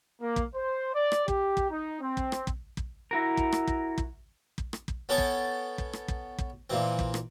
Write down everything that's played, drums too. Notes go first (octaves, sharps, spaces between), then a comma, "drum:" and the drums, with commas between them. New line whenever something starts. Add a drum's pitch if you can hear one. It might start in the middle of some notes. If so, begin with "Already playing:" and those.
A#3
drum: kick
C5
D5
drum: rim click
G4, drum: kick
drum: kick
D#4
C4
drum: kick
drum: rim click
drum: kick
drum: kick
E4 F#4 A#4
drum: kick
drum: rim click
drum: kick
drum: kick
drum: kick
drum: rim click
drum: kick
B3 C#4 A4 C#5 G5 A5
drum: kick
drum: kick
drum: rim click
drum: kick
drum: kick
A#2 E3 C4
drum: kick
drum: rim click